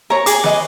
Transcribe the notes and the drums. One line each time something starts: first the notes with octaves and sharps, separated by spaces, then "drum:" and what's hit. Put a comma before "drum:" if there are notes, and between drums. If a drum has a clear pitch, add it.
A#4 C#5 A#5
G#4 D6, drum: hi-hat
B4 D#5, drum: snare